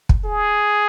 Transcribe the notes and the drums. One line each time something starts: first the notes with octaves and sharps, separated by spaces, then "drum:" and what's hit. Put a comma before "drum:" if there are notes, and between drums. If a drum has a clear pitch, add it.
drum: kick
G#4